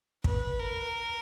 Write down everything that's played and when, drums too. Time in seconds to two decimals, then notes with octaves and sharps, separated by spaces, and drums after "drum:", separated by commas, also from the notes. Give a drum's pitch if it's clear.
0.24 B4, drum: kick
0.59 A#4